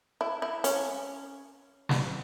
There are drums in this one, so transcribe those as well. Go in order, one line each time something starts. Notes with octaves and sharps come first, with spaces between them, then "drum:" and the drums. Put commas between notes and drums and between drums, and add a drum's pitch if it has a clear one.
E4
E4
C#4, drum: hi-hat
drum: snare